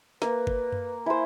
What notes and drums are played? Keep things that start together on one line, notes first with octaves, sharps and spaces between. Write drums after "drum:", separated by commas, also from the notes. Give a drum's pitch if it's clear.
A#3 B4, drum: snare
drum: kick
drum: tom F#2
E4 C5 G#5